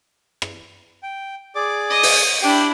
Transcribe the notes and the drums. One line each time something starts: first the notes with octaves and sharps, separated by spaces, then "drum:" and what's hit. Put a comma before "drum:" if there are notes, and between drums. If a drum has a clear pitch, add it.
drum: rim click
G5
G#4 D5 D6
D#5
drum: open hi-hat
D4 E4 G4 G5